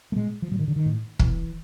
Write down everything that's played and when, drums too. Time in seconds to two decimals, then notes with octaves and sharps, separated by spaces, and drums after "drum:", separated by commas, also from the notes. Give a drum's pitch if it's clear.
0.12 A3
0.16 A#2 G#3
0.42 F3
0.51 A2 F#3
0.59 D#3
0.68 D3
0.76 D#3
0.86 A2
1.19 B2 E3, drum: kick